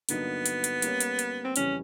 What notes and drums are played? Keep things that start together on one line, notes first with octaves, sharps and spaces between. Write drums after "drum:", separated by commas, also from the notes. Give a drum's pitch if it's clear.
G2 D3 F#3 A#3 B3 D#4, drum: hi-hat
drum: hi-hat
drum: hi-hat
G3 A#3 C#4, drum: hi-hat
drum: hi-hat
drum: hi-hat
C4
F2 C#3 E3 G3 C#4, drum: hi-hat